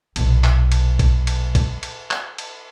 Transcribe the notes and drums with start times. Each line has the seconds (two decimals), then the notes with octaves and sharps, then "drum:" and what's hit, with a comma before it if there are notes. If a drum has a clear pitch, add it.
0.16 B1 A#2, drum: cymbal
0.44 drum: clap
0.72 drum: cymbal
0.99 drum: kick B1, cymbal
1.27 drum: cymbal
1.55 drum: kick B1, cymbal
1.83 drum: cymbal
2.11 drum: clap
2.38 drum: cymbal